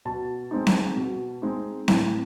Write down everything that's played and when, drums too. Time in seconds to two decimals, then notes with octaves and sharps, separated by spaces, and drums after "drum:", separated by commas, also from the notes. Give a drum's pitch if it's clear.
0.05 B2 A5
0.51 G#3 C4 D#4
0.67 drum: snare C4
0.97 B2
1.42 G#3 C4 D#4
1.88 A2, drum: snare C4